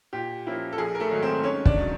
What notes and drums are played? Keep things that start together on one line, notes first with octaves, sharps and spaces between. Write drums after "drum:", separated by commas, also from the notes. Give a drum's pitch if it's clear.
A#2 G4
F3 A#3 C#4 E4
A4
A#1 G#4
A#4
A3 A4
G#2 D#3 F#3
C4 C5
G#2 C#4 C#5
D4 D5, drum: kick
D#3 F#3